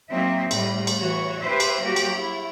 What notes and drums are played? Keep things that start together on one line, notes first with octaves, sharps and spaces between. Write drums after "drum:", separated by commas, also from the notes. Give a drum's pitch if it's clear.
F#3 A#3 C4 D#4 E5
A2 G3, drum: cymbal
drum: cymbal
E3 F#4 C#5
E4 G4 B4 C5 E5
drum: cymbal
F#3 G3 A#3 F#4 G4
drum: cymbal
E4